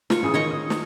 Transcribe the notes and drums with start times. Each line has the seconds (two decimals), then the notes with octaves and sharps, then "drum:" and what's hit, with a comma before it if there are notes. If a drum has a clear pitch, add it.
0.10 F4 C#6, drum: snare
0.22 A1 G#4 D#6
0.34 D#3 C#5 D#5 C#6
0.51 D#6
0.70 drum: snare